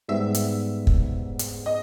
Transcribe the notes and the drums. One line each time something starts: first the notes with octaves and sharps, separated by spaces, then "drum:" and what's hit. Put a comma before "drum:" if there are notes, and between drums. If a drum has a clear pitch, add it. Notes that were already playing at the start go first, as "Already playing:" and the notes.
G#2 G3 B3 E5
drum: hi-hat
drum: kick
drum: hi-hat
D#5